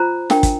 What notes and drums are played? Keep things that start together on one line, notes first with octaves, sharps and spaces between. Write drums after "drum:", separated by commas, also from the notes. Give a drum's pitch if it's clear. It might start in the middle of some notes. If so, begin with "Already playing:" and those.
Already playing: F4 C5 A#5
D4 A#4 G5, drum: snare
drum: kick, hi-hat